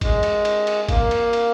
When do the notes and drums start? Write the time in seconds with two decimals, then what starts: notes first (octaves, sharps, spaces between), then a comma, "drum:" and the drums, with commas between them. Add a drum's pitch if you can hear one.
0.01 G#3, drum: kick G#1, cymbal
0.23 drum: cymbal
0.45 drum: cymbal
0.67 drum: cymbal
0.88 A#3, drum: kick G#1, cymbal
1.11 drum: cymbal
1.33 drum: cymbal